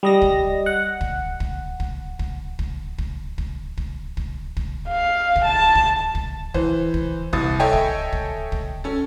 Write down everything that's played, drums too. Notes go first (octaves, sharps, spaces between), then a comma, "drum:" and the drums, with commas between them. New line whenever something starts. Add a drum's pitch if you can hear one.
G3 D#5 A#6
drum: kick
F#5
drum: kick
drum: kick
drum: kick
drum: kick
drum: kick
drum: kick
drum: kick
drum: kick
drum: kick
drum: kick
F5
drum: kick
A5
drum: kick
drum: kick
E3 C5, drum: kick
drum: kick
C2 D#6 A6, drum: kick
A4 C#5 D#5 E5 G5 G#5
drum: kick
drum: kick
drum: kick
C#4 A4